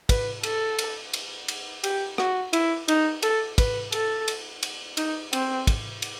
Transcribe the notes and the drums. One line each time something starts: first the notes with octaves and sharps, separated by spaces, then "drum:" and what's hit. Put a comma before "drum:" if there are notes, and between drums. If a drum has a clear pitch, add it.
B4, drum: kick, cymbal
A4, drum: cymbal
drum: cymbal
drum: cymbal
drum: cymbal
G4, drum: cymbal
F#4, drum: rim click
E4, drum: cymbal
D#4, drum: cymbal
A4, drum: cymbal
B4, drum: kick, cymbal
A4, drum: cymbal
drum: cymbal
drum: cymbal
D#4, drum: cymbal
C4, drum: cymbal
drum: kick, cymbal
drum: cymbal